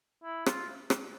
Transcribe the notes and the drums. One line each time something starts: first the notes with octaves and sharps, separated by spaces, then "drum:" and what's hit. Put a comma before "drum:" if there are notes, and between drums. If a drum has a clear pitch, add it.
E4
F4, drum: rim click
drum: rim click